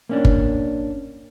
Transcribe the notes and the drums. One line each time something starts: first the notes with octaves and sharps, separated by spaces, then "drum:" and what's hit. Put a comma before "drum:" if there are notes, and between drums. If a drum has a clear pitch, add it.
A#3 C#4 D4
drum: kick G1